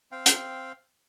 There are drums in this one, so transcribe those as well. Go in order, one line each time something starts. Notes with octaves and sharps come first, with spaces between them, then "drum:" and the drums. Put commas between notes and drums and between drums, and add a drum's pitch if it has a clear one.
C4 F5 G5
drum: hi-hat